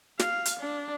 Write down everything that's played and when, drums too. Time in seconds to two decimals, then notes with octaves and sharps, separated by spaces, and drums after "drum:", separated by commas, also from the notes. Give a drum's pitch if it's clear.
0.19 F5, drum: snare
0.45 drum: hi-hat
0.60 D4